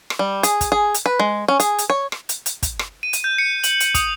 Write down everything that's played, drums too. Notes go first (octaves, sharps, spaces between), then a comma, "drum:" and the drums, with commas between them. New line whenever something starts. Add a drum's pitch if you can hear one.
drum: rim click
G3
G#4, drum: hi-hat
drum: kick, hi-hat
G#4
drum: hi-hat
B4
G#3
C#4
G#4, drum: hi-hat
drum: hi-hat
C#5
drum: rim click
drum: hi-hat
drum: hi-hat
drum: kick, hi-hat
drum: rim click
D#7
drum: hi-hat
G6
C#7
F#7, drum: hi-hat
drum: hi-hat
D#6, drum: kick, hi-hat